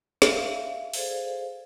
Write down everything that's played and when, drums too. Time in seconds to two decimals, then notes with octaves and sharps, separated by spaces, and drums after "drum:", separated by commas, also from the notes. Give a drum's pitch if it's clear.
0.22 D5 E5 F5, drum: snare
0.94 G#4 A4 C5 D5 F5, drum: open hi-hat